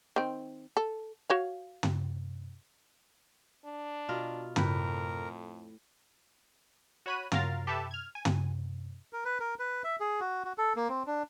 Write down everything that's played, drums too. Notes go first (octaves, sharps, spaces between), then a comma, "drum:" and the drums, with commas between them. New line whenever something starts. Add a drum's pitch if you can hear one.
D#3 C4
A4
F#4 C#5 F5
drum: tom
D4
B2 F4 A#4
F2 A2 A#4 B4, drum: tom
F#4 C#5 B5 F#6 D#7
F#3 F4 A#4 F5 A6, drum: tom
G4 A4 B4 E5 A5
F6 G#6
G#5
drum: tom
A#4
B4
A#4
B4
E5
G#4
F#4
F#4
A4
A#3
C4
D4